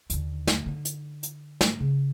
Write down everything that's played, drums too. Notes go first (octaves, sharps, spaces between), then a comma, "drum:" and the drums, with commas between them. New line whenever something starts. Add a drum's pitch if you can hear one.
D#2 D3, drum: hi-hat
drum: snare
D3 D#4
drum: hi-hat
drum: hi-hat
drum: snare
C#3